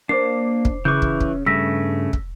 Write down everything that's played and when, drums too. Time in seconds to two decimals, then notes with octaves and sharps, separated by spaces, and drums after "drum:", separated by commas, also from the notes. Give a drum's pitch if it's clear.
0.09 A#3 D4 C5 D6 C7
0.65 drum: kick
0.85 C#3 E3 C#6 D6 F#6 G6
1.02 drum: kick
1.21 drum: kick
1.46 G2 C#3 A3 E6 A#6 B6
2.13 drum: kick